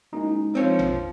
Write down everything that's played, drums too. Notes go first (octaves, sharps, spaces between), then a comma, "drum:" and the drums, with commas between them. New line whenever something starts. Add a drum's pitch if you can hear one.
F#1 G#3 D#4
A#1 F3 C4 C#5
drum: tom A1